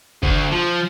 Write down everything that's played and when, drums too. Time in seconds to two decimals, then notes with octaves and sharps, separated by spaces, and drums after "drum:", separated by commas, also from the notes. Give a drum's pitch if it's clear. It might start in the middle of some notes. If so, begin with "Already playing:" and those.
0.23 D2, drum: kick
0.52 F3